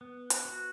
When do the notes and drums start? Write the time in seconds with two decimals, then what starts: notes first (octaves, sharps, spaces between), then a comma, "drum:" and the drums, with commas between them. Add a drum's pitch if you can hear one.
0.01 B3
0.30 drum: hi-hat
0.45 F#4